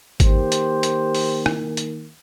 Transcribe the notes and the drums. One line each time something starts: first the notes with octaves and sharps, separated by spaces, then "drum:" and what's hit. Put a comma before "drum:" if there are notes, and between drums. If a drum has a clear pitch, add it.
D#3 A#3 G4 C5, drum: kick G#1, hi-hat
drum: hi-hat
drum: hi-hat
drum: open hi-hat
drum: rim click
drum: hi-hat